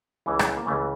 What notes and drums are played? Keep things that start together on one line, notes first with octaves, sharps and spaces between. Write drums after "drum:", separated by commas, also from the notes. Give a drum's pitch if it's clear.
C#2 C#3 E3
drum: rim click
A#3
C#2 C#3 E3 A3